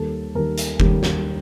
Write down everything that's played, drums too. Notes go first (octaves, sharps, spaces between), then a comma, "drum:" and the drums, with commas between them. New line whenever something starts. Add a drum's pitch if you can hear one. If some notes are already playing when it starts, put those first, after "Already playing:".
Already playing: D#2 D#3 G3 A#3 A4
D#2 D#3 G3 A#3 A#4
drum: hi-hat
D#2 D#3 G3 A#3, drum: kick F#1
drum: snare